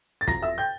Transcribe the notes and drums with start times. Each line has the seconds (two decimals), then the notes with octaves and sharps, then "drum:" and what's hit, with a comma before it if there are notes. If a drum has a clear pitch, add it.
0.21 A6
0.27 F2 A#5 A#6, drum: kick, hi-hat
0.42 E5 E6
0.58 G5 G6